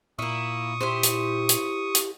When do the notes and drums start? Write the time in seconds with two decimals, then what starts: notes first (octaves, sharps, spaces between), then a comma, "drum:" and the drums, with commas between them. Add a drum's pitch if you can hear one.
0.19 A#2 A#3 E4 C#6 D#6
0.81 E4 G4 C5
1.03 drum: hi-hat
1.49 drum: hi-hat
1.95 drum: hi-hat